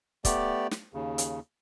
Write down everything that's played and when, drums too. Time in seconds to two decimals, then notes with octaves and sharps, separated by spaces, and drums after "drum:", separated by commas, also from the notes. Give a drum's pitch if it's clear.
0.25 A3 B3 G4 D5, drum: kick, hi-hat
0.71 drum: snare
0.94 D#2 C#3
1.18 drum: hi-hat